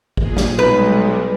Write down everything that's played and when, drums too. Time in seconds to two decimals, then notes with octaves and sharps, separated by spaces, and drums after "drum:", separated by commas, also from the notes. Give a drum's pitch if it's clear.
0.17 A#2 G#4, drum: kick A1
0.37 drum: snare
0.59 B1 G3 G#3 B4